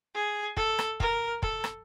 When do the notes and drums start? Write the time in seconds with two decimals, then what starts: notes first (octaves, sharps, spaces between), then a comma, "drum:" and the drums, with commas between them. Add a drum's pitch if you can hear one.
0.15 G#4
0.57 A4, drum: kick
0.79 drum: rim click
1.00 A#4, drum: kick
1.43 A4, drum: kick
1.64 drum: rim click